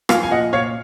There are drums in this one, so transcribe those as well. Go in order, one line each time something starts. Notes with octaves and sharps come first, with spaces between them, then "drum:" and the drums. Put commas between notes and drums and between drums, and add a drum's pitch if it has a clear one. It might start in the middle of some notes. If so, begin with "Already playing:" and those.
F3 F5 G#5, drum: rim click
G#5
A#2 D#5 F#5
A#2 C#5 F5